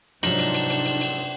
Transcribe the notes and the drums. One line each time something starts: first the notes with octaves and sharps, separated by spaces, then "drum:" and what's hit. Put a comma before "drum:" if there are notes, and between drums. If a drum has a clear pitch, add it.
G#2 C3 F3 F#3 D4 D#4 F#7, drum: cymbal
drum: cymbal
drum: cymbal
drum: cymbal
drum: cymbal
drum: cymbal